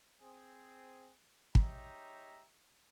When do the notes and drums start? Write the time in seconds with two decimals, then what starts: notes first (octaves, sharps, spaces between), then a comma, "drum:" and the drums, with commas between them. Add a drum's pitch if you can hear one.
0.21 C4 G#4
1.55 G#3 D#4 G4 C#5 E5 A#5, drum: kick